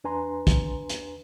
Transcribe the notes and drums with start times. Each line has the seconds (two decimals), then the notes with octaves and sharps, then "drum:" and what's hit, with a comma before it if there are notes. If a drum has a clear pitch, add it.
0.04 E2 D4 B4 G#5 A#5 C6
0.47 drum: kick, hi-hat
0.89 drum: hi-hat